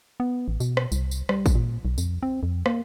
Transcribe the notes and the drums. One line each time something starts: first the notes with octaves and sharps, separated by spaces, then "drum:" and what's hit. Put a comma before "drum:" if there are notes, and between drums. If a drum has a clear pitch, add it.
B3
A1
B2, drum: tambourine
drum: rim click
C2, drum: tambourine
drum: tambourine
G3, drum: rim click
drum: kick, tambourine
A#2
B1
F2, drum: tambourine
C4
F2
A#3, drum: rim click